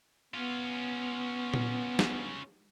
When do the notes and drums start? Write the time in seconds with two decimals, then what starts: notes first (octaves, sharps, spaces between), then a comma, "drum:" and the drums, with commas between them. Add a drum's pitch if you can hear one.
0.34 B3 C#4 F4
1.54 drum: tom A#2
1.99 drum: snare